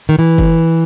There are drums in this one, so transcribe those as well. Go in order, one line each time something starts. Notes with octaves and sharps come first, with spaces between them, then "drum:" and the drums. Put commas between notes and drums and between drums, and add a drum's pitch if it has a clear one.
D#3
E3
drum: kick F#1